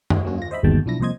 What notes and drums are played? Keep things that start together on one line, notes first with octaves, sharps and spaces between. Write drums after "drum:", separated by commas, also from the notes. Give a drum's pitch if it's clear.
drum: tom F#2
F#3 A#3 C#4 F#4
F4 A#6
C5 D#5 E5 B5
G1 D#2 B2 G#3 G5 A5
B1 F3 D4 E4 A#6
C2 F2 A#2 C5 D#5 G#6